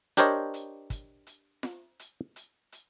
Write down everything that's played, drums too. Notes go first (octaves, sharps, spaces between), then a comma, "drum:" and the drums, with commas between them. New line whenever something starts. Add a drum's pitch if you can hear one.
D4 G4 A#4 C5 C#5 D#5, drum: hi-hat
drum: hi-hat
drum: kick, hi-hat
drum: hi-hat
drum: snare F4
drum: hi-hat
drum: hi-hat
drum: hi-hat